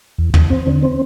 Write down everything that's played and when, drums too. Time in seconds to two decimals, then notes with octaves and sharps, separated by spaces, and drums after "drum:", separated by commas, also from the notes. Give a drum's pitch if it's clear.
0.18 E2
0.34 E2, drum: tom
0.50 C4
0.67 D3
0.83 C4